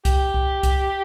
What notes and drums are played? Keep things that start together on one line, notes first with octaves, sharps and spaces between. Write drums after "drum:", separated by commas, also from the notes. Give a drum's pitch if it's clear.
G4, drum: kick C2, hi-hat
drum: kick C2
drum: kick C2, hi-hat